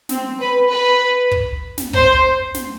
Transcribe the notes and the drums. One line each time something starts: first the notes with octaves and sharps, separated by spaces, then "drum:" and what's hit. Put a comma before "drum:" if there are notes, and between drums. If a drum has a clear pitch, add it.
C4, drum: snare
B4
B4
drum: kick
drum: snare
C5, drum: kick
drum: snare